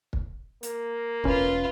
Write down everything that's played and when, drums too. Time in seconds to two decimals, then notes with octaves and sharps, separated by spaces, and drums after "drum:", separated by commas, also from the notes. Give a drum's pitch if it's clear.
0.13 drum: kick
0.63 A#3, drum: hi-hat
1.24 E1 C#4 F4 B4, drum: kick